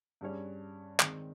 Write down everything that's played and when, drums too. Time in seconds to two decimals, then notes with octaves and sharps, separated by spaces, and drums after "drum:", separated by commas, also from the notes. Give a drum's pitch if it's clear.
0.21 G2 G3 C#4 G#4 C#5
1.00 D#3 G#3 C4, drum: clap